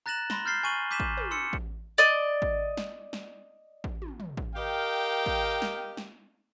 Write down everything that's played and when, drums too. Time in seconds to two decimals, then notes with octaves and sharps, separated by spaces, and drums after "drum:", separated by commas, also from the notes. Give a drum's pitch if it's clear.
0.06 A#5 F#6 A6 A#6 E7 F#7
0.30 B5 C6 A#6 G7, drum: snare
0.45 F6 G6 A6 C7 G7
0.63 G#5 C#6 D#7 F#7 G7
0.91 D6 G6 B6 D#7 E7
1.00 drum: kick A1
1.17 drum: tom
1.31 C6 E6 C#7
1.53 drum: kick A1
1.98 D5 D#5
2.42 drum: kick A1
2.77 drum: snare
3.13 drum: snare
3.84 drum: kick A1
4.02 drum: tom
4.20 drum: tom
4.37 drum: kick A1
4.55 G4 A#4 D#5 F5 G5
5.26 drum: kick A1
5.62 drum: snare
5.97 drum: snare